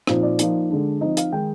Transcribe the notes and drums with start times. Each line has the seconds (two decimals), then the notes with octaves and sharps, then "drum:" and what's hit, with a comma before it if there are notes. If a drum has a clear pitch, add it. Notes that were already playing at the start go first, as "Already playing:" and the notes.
0.07 A#2 F3 C4 D#4, drum: rim click
0.23 D5
0.39 F3 A#3 D#4, drum: hi-hat
0.70 D3 G#3 D4
1.01 F3 C4 D#4 D#5
1.17 F5, drum: hi-hat
1.32 D#3 G#3 D#4 G5